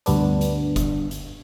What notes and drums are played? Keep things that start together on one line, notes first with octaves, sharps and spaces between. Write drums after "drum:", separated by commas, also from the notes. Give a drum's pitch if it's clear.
D2 G2 B3 D4, drum: hi-hat
drum: hi-hat
drum: kick F1, hi-hat
drum: hi-hat